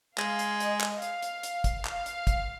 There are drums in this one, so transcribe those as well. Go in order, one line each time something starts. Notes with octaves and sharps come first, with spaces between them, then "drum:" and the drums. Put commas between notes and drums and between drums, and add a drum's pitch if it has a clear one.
G#3 F5, drum: clap
drum: hi-hat
D#5, drum: hi-hat
drum: clap
F5, drum: hi-hat
drum: hi-hat
drum: hi-hat
drum: kick, hi-hat
F5, drum: clap
drum: hi-hat
drum: kick, hi-hat